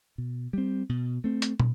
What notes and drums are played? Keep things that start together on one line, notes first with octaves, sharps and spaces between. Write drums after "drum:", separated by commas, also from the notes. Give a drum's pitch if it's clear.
B2
G3 C4
B2
A3 C4
drum: hi-hat
B2, drum: tom